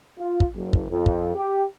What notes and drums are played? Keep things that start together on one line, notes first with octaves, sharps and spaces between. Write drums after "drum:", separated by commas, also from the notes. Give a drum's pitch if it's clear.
F4
drum: kick
F#1
drum: kick
F2
drum: kick
G4